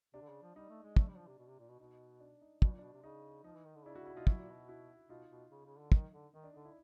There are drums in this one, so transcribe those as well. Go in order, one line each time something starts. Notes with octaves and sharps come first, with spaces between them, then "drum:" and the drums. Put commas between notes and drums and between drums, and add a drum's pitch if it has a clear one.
C3 D4
D3
C#3
F3
G3 D#4
A3
G#3
A3 D4, drum: kick
G3
F3
C3
B2
C3
A#2
B2
B2 D#4
D4
D#4
B2 D4, drum: kick
A#2
B2 D4
C3
C#3 D#4
F3 D#4
E3
D#3
D3
C#3 D4 E4
E4 F#4
C#3
E4 F#4
B2 D#4 F4
B2 E4 F#4, drum: kick
A#2
B2
E4 F#4
B2 D#4 F4
B2
C#3
C#3
D3
D#3 D#4, drum: kick
D3 D#4
D#3 D#4
D4
D3 D#4
D4 E4